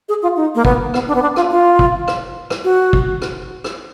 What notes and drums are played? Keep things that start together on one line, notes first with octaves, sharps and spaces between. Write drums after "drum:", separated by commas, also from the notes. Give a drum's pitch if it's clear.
G#4
F4
D#4
A#3
B3, drum: kick
B3, drum: rim click
D4
B3
D4
F4, drum: rim click
F4
drum: kick
drum: rim click
drum: rim click
F#4
drum: kick
drum: rim click
drum: rim click